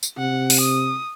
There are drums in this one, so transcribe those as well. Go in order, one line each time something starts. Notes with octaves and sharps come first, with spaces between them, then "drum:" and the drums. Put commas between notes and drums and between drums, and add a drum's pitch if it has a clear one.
drum: tambourine
C3 F#5
drum: open hi-hat
D#6